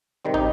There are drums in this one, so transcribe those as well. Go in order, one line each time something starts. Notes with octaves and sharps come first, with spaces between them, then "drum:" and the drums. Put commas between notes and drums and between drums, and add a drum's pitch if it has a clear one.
C3 D#3 G3 C4
D#4 G4, drum: kick